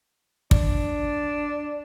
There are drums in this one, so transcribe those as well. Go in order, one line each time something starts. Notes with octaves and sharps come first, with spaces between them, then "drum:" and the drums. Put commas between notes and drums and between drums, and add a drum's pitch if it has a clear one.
D4, drum: kick